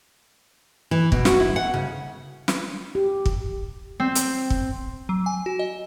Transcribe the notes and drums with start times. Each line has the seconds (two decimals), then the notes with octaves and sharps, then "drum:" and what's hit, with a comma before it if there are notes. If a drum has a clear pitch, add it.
0.91 E3
1.12 B2, drum: kick
1.25 F#4, drum: snare
1.40 E4
1.56 F#5
1.74 C#3
2.48 drum: snare
2.95 G4
3.26 drum: kick
4.00 C4
4.15 drum: hi-hat
4.50 drum: kick
5.09 F#3
5.26 G#5
5.46 F#4
5.59 D#5